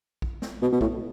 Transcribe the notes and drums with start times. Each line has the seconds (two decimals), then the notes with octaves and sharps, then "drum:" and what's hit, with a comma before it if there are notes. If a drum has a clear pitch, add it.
0.22 drum: kick A#1
0.42 drum: snare
0.62 B2
0.72 B2
0.81 A2, drum: kick A#1